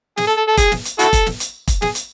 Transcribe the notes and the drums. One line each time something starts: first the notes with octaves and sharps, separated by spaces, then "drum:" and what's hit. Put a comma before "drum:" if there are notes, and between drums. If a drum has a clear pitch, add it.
G#4, drum: snare
A4
A4
A4
G#4, drum: kick, hi-hat
drum: snare
drum: hi-hat
E4 F#4 A4, drum: hi-hat
drum: kick, hi-hat
drum: snare
drum: hi-hat
drum: kick, hi-hat
G#4, drum: snare
drum: hi-hat